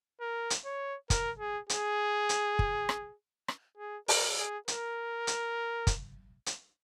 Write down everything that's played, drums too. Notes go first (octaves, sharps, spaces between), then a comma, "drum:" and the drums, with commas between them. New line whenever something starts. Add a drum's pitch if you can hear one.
A#4
drum: hi-hat
C#5
A#4, drum: kick, hi-hat
G#4
G#4, drum: hi-hat
drum: hi-hat
drum: kick
drum: rim click
drum: rim click
G#4
A#4, drum: open hi-hat
G#4
A#4, drum: hi-hat
drum: hi-hat
drum: kick, hi-hat
drum: hi-hat